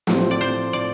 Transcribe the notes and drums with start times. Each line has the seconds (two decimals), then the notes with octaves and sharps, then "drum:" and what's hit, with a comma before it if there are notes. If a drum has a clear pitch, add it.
0.07 A2 F3 A3 C4 F4, drum: snare
0.31 D5
0.41 C5
0.73 D5